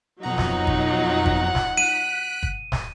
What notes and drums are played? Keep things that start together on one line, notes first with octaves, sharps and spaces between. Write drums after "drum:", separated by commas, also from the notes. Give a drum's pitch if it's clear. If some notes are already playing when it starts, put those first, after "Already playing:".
F2 B2 F#3 D#4 F4 F#5 A#5
drum: snare
drum: kick
drum: kick
drum: snare
F#6 B6 D7 D#7
drum: kick
drum: snare